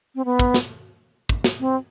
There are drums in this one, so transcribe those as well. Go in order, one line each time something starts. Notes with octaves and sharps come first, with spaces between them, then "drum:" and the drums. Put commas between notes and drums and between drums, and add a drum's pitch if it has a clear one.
C4
B3
drum: kick
drum: snare
drum: kick
drum: snare
C4